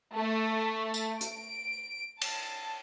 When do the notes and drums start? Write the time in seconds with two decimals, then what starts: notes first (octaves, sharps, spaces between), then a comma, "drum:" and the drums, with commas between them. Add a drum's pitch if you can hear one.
0.15 A3
0.94 drum: tambourine
1.21 D7, drum: hi-hat
2.21 A5, drum: cymbal